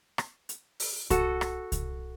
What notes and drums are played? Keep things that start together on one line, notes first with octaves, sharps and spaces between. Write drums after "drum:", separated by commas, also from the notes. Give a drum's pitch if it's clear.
drum: rim click
drum: hi-hat
drum: open hi-hat
F#4 A4, drum: kick C2, hi-hat
drum: rim click
drum: kick C2, hi-hat